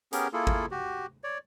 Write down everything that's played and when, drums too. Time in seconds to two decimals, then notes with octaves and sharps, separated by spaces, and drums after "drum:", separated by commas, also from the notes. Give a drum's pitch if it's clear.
0.13 B3 C#4 G4 G#4 A#4, drum: hi-hat
0.33 A#3 E4 F4 G#4 A4
0.47 drum: kick
0.71 F#4 G4
1.24 C#5 D5